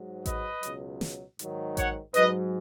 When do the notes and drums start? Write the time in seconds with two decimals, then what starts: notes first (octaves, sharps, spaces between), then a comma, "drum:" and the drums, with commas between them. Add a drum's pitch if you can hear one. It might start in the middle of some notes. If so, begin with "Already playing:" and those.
Already playing: G#2 F#3
0.26 B4 D#5, drum: kick A1, hi-hat
0.63 C#2 B2 F#3, drum: hi-hat
1.01 drum: snare
1.39 G#2 D#3 F#3, drum: hi-hat
1.77 C#5 F#5, drum: kick A1, hi-hat
2.14 G#2 F#3 B4 D#5, drum: hi-hat